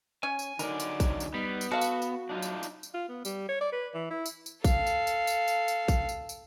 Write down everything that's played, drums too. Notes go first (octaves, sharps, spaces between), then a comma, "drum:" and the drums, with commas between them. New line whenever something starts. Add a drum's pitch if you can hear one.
C#4 G#5
drum: tambourine
D3 F#3 D#4 A#4 D5, drum: tambourine
drum: tambourine
drum: kick, tambourine
drum: tambourine
G3 B3
drum: tambourine
F#4 A4 F5
drum: tambourine
drum: tambourine
F#3 D4 D#4 F4
drum: tambourine
drum: tambourine
drum: tambourine
F4
B3
G3, drum: tambourine
C#5
D5
B4
E3
E4
drum: tambourine
drum: tambourine
A4 F5, drum: kick, tambourine
drum: tambourine
drum: tambourine
drum: tambourine
drum: tambourine
drum: tambourine
drum: kick, tambourine
drum: tambourine
drum: tambourine